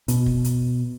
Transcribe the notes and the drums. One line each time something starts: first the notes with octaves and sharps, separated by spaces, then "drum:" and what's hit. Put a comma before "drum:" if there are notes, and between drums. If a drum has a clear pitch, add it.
B2, drum: hi-hat
drum: kick
drum: hi-hat